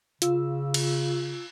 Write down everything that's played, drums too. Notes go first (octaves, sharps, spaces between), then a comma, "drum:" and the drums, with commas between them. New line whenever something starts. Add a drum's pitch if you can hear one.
C#3 F4 E6, drum: hi-hat
drum: cymbal